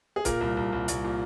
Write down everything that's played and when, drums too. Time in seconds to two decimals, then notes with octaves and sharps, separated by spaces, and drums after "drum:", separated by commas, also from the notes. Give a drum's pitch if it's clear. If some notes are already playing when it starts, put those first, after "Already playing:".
0.16 G#4
0.25 A#2 A#4, drum: kick, hi-hat
0.41 C2
0.57 C2
0.73 C2
0.88 C2, drum: hi-hat
1.04 A#2